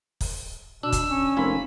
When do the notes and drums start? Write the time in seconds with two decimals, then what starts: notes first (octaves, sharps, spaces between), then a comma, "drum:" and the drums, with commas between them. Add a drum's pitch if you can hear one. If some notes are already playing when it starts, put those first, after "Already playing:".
0.21 drum: kick, open hi-hat
0.83 B2 D4 E6
0.92 drum: kick, hi-hat
1.10 C#4
1.37 F1 A#3 F4 G#5 B5